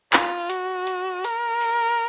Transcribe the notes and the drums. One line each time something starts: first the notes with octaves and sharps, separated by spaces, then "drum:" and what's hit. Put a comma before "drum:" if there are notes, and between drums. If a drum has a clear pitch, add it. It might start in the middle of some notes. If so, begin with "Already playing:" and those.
F4, drum: clap
F#4, drum: hi-hat
drum: hi-hat
A#4, drum: hi-hat
drum: open hi-hat